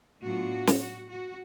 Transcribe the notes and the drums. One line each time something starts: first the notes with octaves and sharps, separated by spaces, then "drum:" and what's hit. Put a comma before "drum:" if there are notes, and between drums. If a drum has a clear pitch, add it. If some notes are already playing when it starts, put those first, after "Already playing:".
A2 F#3 B3 D4 F4 F#4
drum: snare
F#4
F#4